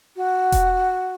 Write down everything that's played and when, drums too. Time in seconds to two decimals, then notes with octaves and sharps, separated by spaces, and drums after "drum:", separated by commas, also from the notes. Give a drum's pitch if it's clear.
0.16 F#4
0.52 drum: kick E1, hi-hat